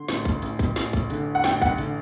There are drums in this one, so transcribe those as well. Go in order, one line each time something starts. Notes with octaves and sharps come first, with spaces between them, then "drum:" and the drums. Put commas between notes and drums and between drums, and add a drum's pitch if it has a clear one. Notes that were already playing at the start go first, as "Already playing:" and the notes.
Already playing: D3 C6
A1, drum: snare
drum: kick, hi-hat
A1, drum: hi-hat
drum: kick, hi-hat
A1, drum: snare
drum: kick, hi-hat
D3, drum: hi-hat
F#5
A1 G5, drum: snare
F#5, drum: kick, hi-hat
D3, drum: hi-hat